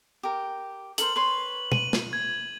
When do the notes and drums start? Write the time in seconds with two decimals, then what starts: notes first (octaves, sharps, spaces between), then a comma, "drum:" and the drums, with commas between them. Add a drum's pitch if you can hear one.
0.23 G4 A#4
0.98 A4 A#4 C5 F#7, drum: hi-hat
1.16 B4 C#5 C6 F#7
1.72 D#7 F#7, drum: tom
1.93 drum: snare
2.13 G#6